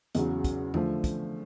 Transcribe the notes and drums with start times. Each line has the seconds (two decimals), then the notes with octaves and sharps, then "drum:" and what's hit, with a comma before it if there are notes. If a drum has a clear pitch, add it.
0.15 E2 C#3 F#3, drum: hi-hat
0.44 drum: kick, hi-hat
0.74 D3 F3 A3, drum: tom E2
1.04 drum: kick, hi-hat